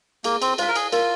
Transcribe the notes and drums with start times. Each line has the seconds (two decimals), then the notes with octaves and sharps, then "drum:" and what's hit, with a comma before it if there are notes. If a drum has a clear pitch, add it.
0.24 A#3 G#4, drum: cymbal
0.42 C4, drum: cymbal
0.58 F4 C5 F5, drum: cymbal
0.68 A#4
0.76 G#4, drum: cymbal
0.92 F4 A#4, drum: cymbal